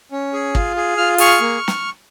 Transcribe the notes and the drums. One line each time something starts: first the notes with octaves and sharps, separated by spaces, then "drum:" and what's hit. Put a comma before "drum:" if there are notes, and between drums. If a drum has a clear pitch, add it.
C#4
G#4
F4, drum: kick
G#4
F4 F6
G#4 C#6 F6, drum: open hi-hat
A#3
drum: snare